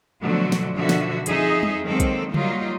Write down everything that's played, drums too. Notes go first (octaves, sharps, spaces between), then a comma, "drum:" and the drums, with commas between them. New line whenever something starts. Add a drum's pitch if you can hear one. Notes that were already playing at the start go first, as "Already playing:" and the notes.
B2 D3 F3 F#3 A3 F#4
drum: snare
B2 D3 D#3 F3 F#4 E5
drum: snare
F2 D#4 G#4 D#5 E5, drum: hi-hat
drum: tom G3
D#3 F#3 G#3 A#3 C4 A4
drum: kick, hi-hat
F#3 G3 A#3 D#4 F4, drum: tom C#3